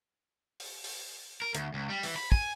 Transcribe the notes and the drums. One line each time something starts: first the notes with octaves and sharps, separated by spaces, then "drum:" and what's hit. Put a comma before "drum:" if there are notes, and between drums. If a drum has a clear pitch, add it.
drum: open hi-hat
drum: open hi-hat
A#4
D2, drum: hi-hat
C#2
G3
E3, drum: open hi-hat
B5
G#5, drum: kick